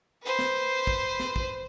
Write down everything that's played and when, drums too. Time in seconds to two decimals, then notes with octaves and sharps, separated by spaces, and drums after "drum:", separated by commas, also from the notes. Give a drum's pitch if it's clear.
0.23 B4 C5
0.39 drum: snare
0.87 drum: kick
1.20 drum: snare
1.36 drum: kick